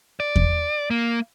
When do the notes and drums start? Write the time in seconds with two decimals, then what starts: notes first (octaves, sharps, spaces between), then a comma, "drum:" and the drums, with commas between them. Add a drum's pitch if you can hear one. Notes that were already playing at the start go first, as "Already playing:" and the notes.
0.20 D5
0.36 drum: kick E2
0.90 A#3